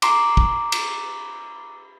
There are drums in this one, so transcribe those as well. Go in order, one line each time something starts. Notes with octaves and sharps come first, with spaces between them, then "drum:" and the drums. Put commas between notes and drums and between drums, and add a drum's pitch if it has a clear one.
A#5 C6 D6, drum: cymbal
drum: kick
drum: cymbal